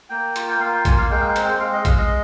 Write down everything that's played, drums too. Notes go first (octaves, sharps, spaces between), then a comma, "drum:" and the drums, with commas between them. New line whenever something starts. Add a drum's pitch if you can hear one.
A#3 G5
F4, drum: hi-hat
G5
A#3 F5
G5
A#3 G#5, drum: kick A#1, hi-hat
F5
G#3 G5
F5
G5
C4, drum: hi-hat
G5
G#3 F5
D#5
G#3 F5, drum: kick A#1, hi-hat
D#5